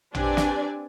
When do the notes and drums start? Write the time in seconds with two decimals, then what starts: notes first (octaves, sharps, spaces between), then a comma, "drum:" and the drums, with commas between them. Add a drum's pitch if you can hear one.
0.15 C4 D4 G4 B4 D5 G#5, drum: tom A1
0.37 drum: snare